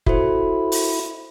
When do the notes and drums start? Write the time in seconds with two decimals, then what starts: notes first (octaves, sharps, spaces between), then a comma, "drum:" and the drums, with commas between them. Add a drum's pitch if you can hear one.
0.06 E4 F#4 A4 C5, drum: kick F1
0.72 drum: open hi-hat